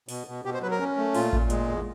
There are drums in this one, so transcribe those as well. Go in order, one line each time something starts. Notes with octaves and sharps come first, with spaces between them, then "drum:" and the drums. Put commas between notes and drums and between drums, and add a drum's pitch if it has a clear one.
B2, drum: open hi-hat
B2
B2 G4
C5
F#3 B4
A#4
C#4
A3
A#2 F4, drum: open hi-hat
A#2, drum: kick A1
G#3, drum: hi-hat
E2